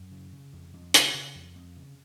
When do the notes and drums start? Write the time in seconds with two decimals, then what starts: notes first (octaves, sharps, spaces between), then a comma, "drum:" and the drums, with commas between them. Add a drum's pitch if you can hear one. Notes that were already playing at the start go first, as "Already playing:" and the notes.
Already playing: F#2 C#4
0.11 C#3
0.32 C#3
0.53 F2
0.73 F2
0.94 C#3, drum: hi-hat
1.14 C#3
1.35 F2
1.56 F2
1.76 C#3